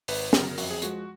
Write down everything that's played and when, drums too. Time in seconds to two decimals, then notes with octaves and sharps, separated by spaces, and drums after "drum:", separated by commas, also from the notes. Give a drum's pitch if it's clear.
0.08 G#1 B4, drum: open hi-hat
0.33 F#2 C#3 F#3 A#4, drum: snare
0.58 F2 F#4, drum: open hi-hat
0.71 G#4
0.82 F3 G#3 F#4, drum: hi-hat